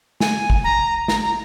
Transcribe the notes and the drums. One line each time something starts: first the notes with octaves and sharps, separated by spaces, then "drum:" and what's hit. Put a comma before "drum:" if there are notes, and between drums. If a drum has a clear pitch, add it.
G#5, drum: snare
drum: kick G#1
A#5
A#5, drum: snare
A#5